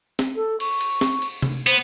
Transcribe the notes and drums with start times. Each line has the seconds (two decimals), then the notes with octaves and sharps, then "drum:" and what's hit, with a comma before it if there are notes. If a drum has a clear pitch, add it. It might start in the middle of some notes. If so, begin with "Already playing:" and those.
0.19 drum: snare
0.36 A4
0.60 C#6, drum: cymbal
0.81 drum: cymbal
1.01 drum: snare
1.22 drum: cymbal
1.42 drum: tom C3
1.67 B3 C5